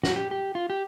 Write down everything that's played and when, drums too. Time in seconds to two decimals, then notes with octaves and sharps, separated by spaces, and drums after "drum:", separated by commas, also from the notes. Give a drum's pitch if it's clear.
0.04 F#4, drum: snare
0.16 G4
0.31 G4
0.55 F4
0.70 G4